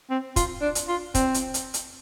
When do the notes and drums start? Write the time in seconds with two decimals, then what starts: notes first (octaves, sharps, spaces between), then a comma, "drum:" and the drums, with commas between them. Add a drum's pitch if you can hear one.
0.10 C4
0.36 F4, drum: kick, hi-hat
0.62 D4
0.75 drum: hi-hat
0.88 F4
1.15 C4, drum: kick, hi-hat
1.34 drum: hi-hat
1.54 drum: hi-hat
1.74 drum: hi-hat